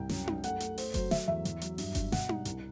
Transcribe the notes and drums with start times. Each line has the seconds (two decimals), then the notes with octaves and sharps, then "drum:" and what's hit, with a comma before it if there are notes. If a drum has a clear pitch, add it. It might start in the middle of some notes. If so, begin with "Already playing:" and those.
Already playing: C2 G5
0.09 F#2, drum: snare
0.27 F#2, drum: tom D#4
0.44 A3 F#5, drum: hi-hat
0.60 A3, drum: hi-hat
0.78 A3 C5, drum: open hi-hat
0.94 F#3 C5, drum: kick F#1, hi-hat
1.11 A3 E5, drum: snare
1.28 E2 E5
1.45 E2, drum: hi-hat
1.61 F#3, drum: hi-hat
1.78 G2, drum: open hi-hat
1.95 G2, drum: kick F#1, hi-hat
2.12 B2 F#5, drum: snare
2.29 G3, drum: tom D#4
2.45 C2, drum: hi-hat